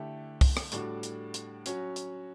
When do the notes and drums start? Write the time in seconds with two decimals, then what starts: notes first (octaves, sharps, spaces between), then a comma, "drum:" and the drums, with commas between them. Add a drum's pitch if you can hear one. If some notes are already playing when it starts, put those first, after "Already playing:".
Already playing: D3 A3 E4 G4
0.41 drum: kick C2, open hi-hat
0.57 drum: rim click
0.72 A2 G3 D4 F#4, drum: hi-hat
1.03 drum: hi-hat
1.34 drum: hi-hat
1.66 F#3 C#4 F#4, drum: hi-hat
1.96 drum: hi-hat